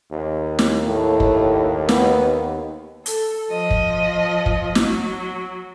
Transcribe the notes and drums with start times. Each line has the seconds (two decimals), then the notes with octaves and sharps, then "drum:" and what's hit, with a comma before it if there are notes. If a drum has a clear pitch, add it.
0.12 D#2
0.59 drum: snare
0.86 A2
1.20 drum: kick
1.89 B3, drum: snare
3.06 A4, drum: hi-hat
3.51 F3 D#5
3.70 drum: kick
4.46 drum: kick
4.75 F#3, drum: snare